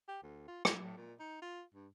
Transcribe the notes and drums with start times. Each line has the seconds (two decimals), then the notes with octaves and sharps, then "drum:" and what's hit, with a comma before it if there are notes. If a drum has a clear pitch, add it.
0.08 G4
0.23 D2
0.48 F4
0.65 E4, drum: rim click
0.83 A2
0.97 A#2
1.19 D#4
1.42 F4
1.74 G2